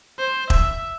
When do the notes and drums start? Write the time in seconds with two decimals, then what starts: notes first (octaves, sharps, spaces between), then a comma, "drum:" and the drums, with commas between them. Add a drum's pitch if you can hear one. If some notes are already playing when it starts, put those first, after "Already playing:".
0.19 C5
0.50 E5, drum: kick E1